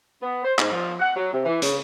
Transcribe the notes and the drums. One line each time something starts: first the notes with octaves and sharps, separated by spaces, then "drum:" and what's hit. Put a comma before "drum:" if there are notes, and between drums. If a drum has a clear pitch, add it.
B3
C5
G#2, drum: clap
F3
F#5
F#3
C3
E3
C#3, drum: hi-hat